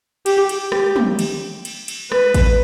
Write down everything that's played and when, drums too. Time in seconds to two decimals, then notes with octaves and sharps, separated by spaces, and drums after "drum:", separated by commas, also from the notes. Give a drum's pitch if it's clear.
0.26 G4, drum: cymbal
0.49 drum: cymbal
0.72 G4, drum: rim click
0.96 drum: tom
1.19 drum: cymbal
1.65 drum: cymbal
1.88 drum: cymbal
2.12 B4, drum: rim click
2.34 drum: kick G#1, cymbal